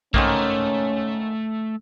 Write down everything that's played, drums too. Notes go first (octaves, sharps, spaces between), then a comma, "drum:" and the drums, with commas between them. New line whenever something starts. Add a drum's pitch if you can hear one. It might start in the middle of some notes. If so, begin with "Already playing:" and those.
G#2 D#3 A3 A#3 C#4, drum: kick A#1